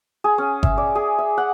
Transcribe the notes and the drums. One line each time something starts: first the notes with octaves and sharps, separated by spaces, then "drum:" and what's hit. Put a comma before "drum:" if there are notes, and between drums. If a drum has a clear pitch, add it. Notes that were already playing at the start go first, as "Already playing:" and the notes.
G#4
C#4
E5, drum: kick G1
D5
G#4
E5
F#5